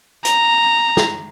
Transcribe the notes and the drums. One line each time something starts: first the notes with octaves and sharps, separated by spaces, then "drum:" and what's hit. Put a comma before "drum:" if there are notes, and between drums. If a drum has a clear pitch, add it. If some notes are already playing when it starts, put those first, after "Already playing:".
A#5, drum: hi-hat
drum: snare